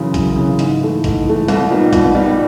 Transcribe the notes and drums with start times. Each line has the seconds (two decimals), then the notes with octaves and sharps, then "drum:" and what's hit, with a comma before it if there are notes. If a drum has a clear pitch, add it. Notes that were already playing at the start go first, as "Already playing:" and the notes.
Already playing: F#2 C#3 E3
0.14 F#2, drum: kick, hi-hat
0.36 C#3 E3
0.59 G#2, drum: hi-hat
0.81 E3 A3
1.04 G#2, drum: kick, hi-hat
1.26 E3 A3
1.48 C2, drum: hi-hat
1.70 A#2 G3 B3 D#4
1.93 C2, drum: kick, hi-hat
2.15 A#2 G3 B3 D#4